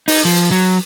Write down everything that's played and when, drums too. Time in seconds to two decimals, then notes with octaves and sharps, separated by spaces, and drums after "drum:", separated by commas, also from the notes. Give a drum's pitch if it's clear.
0.08 D#4, drum: open hi-hat
0.25 F3
0.51 F#3